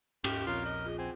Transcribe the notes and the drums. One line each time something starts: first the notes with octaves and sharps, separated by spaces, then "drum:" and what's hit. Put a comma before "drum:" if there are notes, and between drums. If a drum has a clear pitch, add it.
D#2 G#2 C#4 F4 G4, drum: cymbal
A#1 C4 C#4 F4 A#4 C#5
D#5
F4 G#4
C4 F#5 G#5